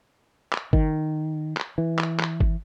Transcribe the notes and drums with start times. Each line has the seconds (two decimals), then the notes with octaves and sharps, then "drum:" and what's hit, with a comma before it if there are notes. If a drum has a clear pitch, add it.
0.53 drum: clap
0.73 D#3, drum: kick G1
1.57 drum: clap
1.78 E3
1.99 drum: clap
2.20 drum: clap
2.40 drum: kick G1